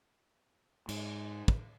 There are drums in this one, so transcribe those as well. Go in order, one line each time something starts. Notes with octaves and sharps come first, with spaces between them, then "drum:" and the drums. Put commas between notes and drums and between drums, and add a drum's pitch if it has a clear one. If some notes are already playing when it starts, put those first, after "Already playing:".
G#2, drum: cymbal
drum: kick